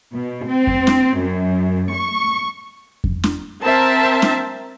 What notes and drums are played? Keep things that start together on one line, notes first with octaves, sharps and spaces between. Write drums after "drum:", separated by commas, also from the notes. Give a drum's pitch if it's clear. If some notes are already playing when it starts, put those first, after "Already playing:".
B2
C4
drum: kick F2
drum: snare
F#2
C#6
drum: kick F2
drum: snare
C4 A#4 C5 E5 A5
drum: snare